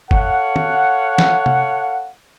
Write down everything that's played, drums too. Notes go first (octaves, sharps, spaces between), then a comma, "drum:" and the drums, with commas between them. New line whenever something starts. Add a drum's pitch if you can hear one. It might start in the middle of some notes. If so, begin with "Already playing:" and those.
A4 C#5 F5 F#5, drum: kick F#1
drum: tom
drum: snare
drum: tom C3